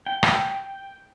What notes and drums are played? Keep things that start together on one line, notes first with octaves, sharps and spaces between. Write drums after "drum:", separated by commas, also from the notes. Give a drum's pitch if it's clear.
G5
drum: rim click